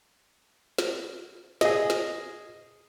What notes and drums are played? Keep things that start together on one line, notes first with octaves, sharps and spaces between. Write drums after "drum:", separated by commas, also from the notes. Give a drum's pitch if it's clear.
drum: snare
G#4 D#5, drum: snare
drum: snare